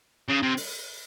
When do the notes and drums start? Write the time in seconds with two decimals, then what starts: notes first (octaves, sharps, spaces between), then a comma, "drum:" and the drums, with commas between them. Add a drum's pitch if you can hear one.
0.29 C#3
0.43 C3
0.57 drum: open hi-hat